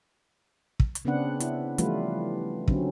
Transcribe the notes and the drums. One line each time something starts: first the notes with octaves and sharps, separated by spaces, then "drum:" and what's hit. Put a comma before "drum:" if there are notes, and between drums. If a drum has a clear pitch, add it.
drum: kick
drum: hi-hat
C#3 B3 C4 D4 B4 F#5
E4, drum: hi-hat
E3 F3 G3 A3 F4 B4, drum: hi-hat
D3 F#3 C4 C#4, drum: kick